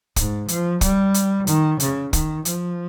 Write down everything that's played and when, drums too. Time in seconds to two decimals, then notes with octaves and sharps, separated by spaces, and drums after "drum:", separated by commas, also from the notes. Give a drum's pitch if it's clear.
0.16 G#2, drum: kick, hi-hat
0.48 F3, drum: hi-hat
0.81 G3, drum: kick, hi-hat
1.14 drum: hi-hat
1.47 D#3, drum: hi-hat
1.80 C#3, drum: hi-hat
2.13 D#3, drum: kick, hi-hat
2.45 F3, drum: hi-hat